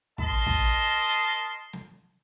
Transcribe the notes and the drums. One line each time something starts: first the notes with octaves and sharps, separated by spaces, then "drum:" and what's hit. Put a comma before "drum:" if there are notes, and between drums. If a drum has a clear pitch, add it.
A#4 D#5 A5 C6, drum: kick
drum: kick
drum: snare